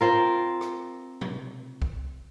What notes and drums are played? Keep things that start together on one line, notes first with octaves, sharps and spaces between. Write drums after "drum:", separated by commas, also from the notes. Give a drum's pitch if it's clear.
C4 F4 A#4
drum: rim click
drum: tom
drum: kick